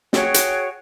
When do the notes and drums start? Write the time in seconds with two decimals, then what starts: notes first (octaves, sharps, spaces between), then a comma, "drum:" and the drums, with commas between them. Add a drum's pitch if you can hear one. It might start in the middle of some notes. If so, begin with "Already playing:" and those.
0.13 F#4 G#4 C#5 G5, drum: snare
0.34 drum: hi-hat